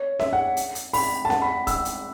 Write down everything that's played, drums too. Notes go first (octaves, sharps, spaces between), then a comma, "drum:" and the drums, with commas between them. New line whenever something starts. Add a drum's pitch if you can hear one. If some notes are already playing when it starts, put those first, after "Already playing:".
Already playing: C#5
E5, drum: snare C#4
F#5
drum: hi-hat
drum: hi-hat
B5, drum: open hi-hat
A5
F#5, drum: snare C#4
B5
E6, drum: kick, hi-hat
drum: hi-hat